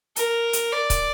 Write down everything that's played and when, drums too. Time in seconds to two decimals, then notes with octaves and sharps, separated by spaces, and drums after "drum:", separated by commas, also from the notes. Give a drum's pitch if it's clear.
0.16 A#4, drum: hi-hat
0.53 drum: hi-hat
0.72 D5
0.90 drum: kick C#1, hi-hat